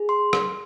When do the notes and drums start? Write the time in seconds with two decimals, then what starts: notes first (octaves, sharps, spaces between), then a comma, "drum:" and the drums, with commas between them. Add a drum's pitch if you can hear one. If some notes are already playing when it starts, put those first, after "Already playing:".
Already playing: G#4
0.09 C6
0.33 drum: rim click